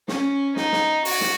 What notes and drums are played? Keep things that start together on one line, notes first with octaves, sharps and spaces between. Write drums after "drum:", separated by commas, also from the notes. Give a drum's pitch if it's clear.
C#4, drum: snare
D#4, drum: snare
drum: snare
F#4, drum: open hi-hat
drum: snare